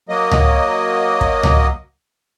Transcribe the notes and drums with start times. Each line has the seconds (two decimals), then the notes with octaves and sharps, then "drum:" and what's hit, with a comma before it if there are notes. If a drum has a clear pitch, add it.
0.09 F#3 A#3 D#5
0.31 drum: tom C#2
1.21 drum: kick
1.43 drum: tom C#2